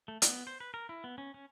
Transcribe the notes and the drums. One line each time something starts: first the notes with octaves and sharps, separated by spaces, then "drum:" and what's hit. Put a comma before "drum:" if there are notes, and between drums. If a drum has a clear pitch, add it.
A3
B3, drum: hi-hat
C5
B4
A#4
E4
B3
C#4
C#4